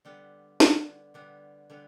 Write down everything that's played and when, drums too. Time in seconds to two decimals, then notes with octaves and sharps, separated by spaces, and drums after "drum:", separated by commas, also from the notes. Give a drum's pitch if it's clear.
0.05 D3 G3 B3
0.60 D3 G3 B3, drum: snare
1.14 D3 G3 B3
1.70 D3 G3 B3